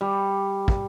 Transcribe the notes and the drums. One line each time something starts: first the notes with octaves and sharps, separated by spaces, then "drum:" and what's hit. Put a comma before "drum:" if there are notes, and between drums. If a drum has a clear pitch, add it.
G3
drum: kick